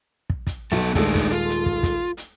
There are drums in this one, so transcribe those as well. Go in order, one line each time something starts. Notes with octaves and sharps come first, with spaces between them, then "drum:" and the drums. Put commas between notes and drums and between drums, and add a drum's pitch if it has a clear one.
drum: kick
drum: kick, hi-hat
B1 B3 A4
D#1 G#3 A3 D4 D#4 A4, drum: kick
drum: kick, hi-hat
F4
drum: hi-hat
drum: kick
drum: kick, hi-hat
drum: hi-hat